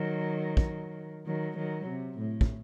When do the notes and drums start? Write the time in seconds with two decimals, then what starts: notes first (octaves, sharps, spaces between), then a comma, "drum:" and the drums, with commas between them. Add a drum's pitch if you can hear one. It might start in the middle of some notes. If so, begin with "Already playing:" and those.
Already playing: D#3 F#3
0.57 drum: kick
1.26 D#3 F#3
1.57 D#3 F#3
1.88 C3
2.18 A2
2.41 drum: kick